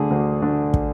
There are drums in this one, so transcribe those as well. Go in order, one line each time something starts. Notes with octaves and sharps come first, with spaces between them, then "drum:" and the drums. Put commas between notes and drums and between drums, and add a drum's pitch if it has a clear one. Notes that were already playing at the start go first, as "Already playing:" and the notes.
Already playing: D2 D3 A3 D4 G#4
D2
D3 A3 D4
drum: kick